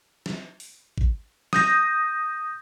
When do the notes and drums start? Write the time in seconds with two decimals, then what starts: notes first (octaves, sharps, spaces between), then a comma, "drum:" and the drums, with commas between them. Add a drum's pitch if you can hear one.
0.26 drum: snare
0.60 drum: open hi-hat
0.98 drum: kick G#1
1.53 D#6 G6 A#6, drum: snare